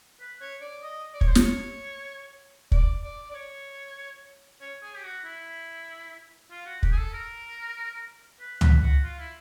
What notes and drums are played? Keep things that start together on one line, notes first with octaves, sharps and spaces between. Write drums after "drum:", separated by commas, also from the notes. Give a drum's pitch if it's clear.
B4
C#5
D5
D#5
D5
C#5, drum: kick
C5
C#5, drum: snare
D5, drum: kick
D5
D5
C#5
C#5
G#4
G4
F#4
E4
F4
F#4
G4, drum: kick
G#4
A4
A#4
B4
B4, drum: tom C#2
F#4
F4
E4